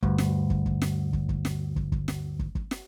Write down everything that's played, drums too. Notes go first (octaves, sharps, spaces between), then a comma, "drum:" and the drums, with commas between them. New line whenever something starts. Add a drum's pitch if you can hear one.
D2 G2, drum: kick
drum: snare
drum: kick
drum: kick
drum: snare
drum: kick
drum: kick
drum: snare
drum: kick
drum: kick
drum: snare
drum: kick
drum: kick
drum: snare